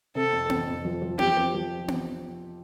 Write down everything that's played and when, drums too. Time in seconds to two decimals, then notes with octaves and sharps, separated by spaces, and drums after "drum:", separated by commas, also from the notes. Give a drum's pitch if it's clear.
0.15 C3 A4
0.33 F2
0.50 F2, drum: tom B3
0.67 F2
0.85 F3
1.02 F3
1.19 F3 G4, drum: tom B3
1.37 C4
1.54 F3
1.88 drum: tom B3